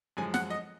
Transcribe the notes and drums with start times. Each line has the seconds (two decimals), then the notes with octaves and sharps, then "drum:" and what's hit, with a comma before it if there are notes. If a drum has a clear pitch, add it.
0.17 F#2 F3 G#3 G#5
0.34 F#5, drum: snare
0.50 D#5